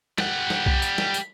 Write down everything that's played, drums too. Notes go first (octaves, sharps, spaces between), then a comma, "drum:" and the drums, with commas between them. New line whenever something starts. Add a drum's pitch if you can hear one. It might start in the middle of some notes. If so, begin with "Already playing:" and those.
G3 F#5, drum: snare
drum: snare
drum: kick B1
drum: tambourine
drum: snare
drum: tambourine